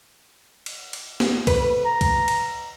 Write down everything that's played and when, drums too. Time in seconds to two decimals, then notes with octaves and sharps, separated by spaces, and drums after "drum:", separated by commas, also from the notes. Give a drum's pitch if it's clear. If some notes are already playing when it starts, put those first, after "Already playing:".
0.66 drum: cymbal
0.93 drum: cymbal
1.20 drum: snare
1.47 B4, drum: kick, cymbal
1.85 A#5
2.01 drum: kick, cymbal
2.28 drum: cymbal